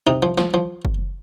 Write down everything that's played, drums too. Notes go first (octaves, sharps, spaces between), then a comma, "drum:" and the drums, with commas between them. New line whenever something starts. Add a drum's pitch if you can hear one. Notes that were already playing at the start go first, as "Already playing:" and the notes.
C3 D#4
F3
F3, drum: snare
F3
drum: kick